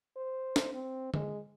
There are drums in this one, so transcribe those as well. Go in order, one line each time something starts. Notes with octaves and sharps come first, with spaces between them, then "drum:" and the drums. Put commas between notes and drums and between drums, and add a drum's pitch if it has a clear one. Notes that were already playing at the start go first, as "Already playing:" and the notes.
C5
drum: snare
C4
G#3, drum: tom D3